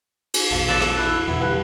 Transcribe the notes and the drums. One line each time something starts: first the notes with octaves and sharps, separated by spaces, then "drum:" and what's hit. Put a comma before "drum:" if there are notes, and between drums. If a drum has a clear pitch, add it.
drum: cymbal
A#1 E2 B2 F4 A5
A4 B4 D5
drum: rim click
E4 E6 F#6
E2 B2 D3 B3 E4
G2 B4